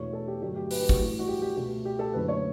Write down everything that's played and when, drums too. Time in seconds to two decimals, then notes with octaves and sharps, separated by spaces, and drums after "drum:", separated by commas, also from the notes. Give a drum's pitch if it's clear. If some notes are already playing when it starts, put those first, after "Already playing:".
Already playing: E1 E2 B2 A3 C#5
0.13 A4
0.28 G4
0.41 G1 G2 F#3 A3 G4
0.56 G4
0.71 B4, drum: open hi-hat
0.79 G4
0.89 F#4, drum: kick
0.99 A1 A2 G3
1.19 F#4
1.28 G4
1.42 G4
1.56 C#2 B2 A3 G4
1.85 G4
1.99 A4
2.13 F#1 F#2 D3 A3 B4
2.28 C#5